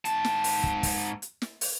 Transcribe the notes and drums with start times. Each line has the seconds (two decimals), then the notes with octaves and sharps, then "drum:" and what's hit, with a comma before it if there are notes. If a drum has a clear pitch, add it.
0.05 G#2 A5, drum: hi-hat
0.24 drum: snare
0.44 drum: open hi-hat
0.64 drum: kick
0.83 drum: kick, open hi-hat
1.22 drum: hi-hat
1.42 drum: snare
1.61 drum: open hi-hat